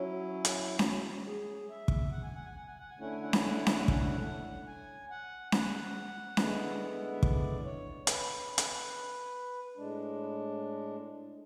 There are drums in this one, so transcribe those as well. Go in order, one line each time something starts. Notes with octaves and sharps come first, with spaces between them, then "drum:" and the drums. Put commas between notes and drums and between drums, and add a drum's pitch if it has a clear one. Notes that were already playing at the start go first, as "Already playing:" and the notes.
Already playing: F#3 C#4 E4
drum: hi-hat
drum: snare C#4
G#4
E5
drum: kick
F#5
G#5
F#5
G#5
F#5
G#5
F#5
G#5
D3 A3 C#4 E4 F#5
G#5
F#5
G#5, drum: snare C#4
F#5
G#5
F#5, drum: snare C#4
G#5
F#5, drum: kick
G#5
F#5
F#5, drum: snare C#4
D3 G#3 B3 E4, drum: snare C#4
E5
D5, drum: kick
C#5
B4, drum: hi-hat
drum: hi-hat
A2 G#3 D4